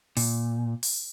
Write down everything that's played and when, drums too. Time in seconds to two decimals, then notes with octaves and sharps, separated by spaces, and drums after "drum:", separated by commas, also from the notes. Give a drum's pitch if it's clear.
0.17 A#2, drum: open hi-hat
0.83 drum: open hi-hat